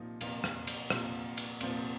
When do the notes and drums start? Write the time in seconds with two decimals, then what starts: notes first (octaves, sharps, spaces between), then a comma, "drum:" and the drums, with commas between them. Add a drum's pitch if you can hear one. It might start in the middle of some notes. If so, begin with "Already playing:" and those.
Already playing: C2 A#2 F3 A#3 D#4
0.21 C2 A#2 F3 A#3, drum: cymbal
0.44 drum: rim click
0.67 drum: cymbal
0.90 C2 A#2 F3 A#3, drum: rim click
1.37 drum: cymbal
1.61 C2 A#2 F3 A#3 C4, drum: cymbal